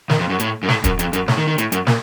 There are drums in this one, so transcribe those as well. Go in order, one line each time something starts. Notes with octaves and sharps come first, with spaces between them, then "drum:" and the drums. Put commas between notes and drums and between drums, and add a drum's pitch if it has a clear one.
D#3, drum: snare
F2
F#2
A2, drum: hi-hat
F#2
A2, drum: snare
F#2, drum: kick, hi-hat
F2, drum: hi-hat
F#2, drum: hi-hat
A2, drum: snare
D#3
D#3
A2, drum: hi-hat
F#2, drum: hi-hat
A#2, drum: snare